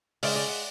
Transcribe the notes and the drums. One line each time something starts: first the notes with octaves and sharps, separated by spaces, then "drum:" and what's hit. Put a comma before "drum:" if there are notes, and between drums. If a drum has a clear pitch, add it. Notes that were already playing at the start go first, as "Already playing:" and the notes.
C#3 G#3 C#4 D5, drum: open hi-hat
D5
F#5